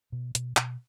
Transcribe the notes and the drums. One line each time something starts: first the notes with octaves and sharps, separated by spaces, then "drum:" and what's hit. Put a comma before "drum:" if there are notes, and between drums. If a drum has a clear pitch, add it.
B2
B2, drum: hi-hat
B2, drum: clap